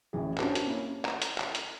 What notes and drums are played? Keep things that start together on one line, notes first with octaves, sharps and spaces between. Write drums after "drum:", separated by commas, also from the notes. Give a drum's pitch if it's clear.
A1 F#2 E3 G#4
C#4 D4 F#4 G4 A#4 C5, drum: clap
drum: hi-hat
A#3 C#4 E4
A#5, drum: clap
drum: hi-hat
drum: clap
drum: hi-hat